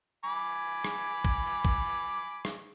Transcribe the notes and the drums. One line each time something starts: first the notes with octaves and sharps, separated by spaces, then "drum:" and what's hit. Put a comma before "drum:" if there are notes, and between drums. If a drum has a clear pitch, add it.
G#5 B5 D6
drum: rim click
drum: kick
drum: kick
drum: rim click